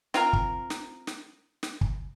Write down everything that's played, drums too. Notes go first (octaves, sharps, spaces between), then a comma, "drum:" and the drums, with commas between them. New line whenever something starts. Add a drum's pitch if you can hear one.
C4 F4 A#4, drum: snare
drum: kick
drum: snare
drum: snare
drum: snare
drum: kick